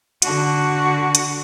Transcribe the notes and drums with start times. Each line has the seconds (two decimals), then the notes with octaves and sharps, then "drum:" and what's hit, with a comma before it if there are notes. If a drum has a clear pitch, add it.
0.22 D3 F#4, drum: hi-hat
1.15 drum: hi-hat